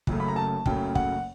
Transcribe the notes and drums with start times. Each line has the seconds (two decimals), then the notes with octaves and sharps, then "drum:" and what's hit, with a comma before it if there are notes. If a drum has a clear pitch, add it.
0.07 F#1 F#2 C#3 F#3 A3, drum: kick
0.20 B5
0.28 A#5
0.36 A5
0.66 F#1 F#2 C#3 F#3 A3 G5, drum: kick
0.95 F#5, drum: kick